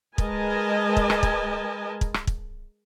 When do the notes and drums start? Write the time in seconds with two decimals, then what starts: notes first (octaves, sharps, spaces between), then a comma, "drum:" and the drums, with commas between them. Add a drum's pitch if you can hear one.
0.18 G#3 A#4 B4 D#5 G#5 A5, drum: kick
0.97 drum: kick
1.10 drum: rim click
1.23 drum: kick
2.01 drum: kick
2.14 drum: rim click
2.27 drum: kick